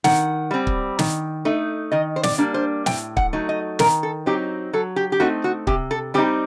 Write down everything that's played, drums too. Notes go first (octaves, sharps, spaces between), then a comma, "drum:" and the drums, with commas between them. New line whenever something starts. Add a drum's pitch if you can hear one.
D#3 F#5, drum: snare
G3 C4
drum: kick
D#3, drum: snare
A3 D#4
D#3 D#5
C5
D5, drum: snare
G3 A#3 D4
C5
A2 G5, drum: snare
F#5, drum: kick
F#3 A3 D#4
D#5
D#3 A#4, drum: snare
A4
F#3 C4 D#4 G4
F#3 A4
G4
G4
A3 C4 D#4 F#4
F#4
C3 G4, drum: kick
A4
G3 C4 D#4 G4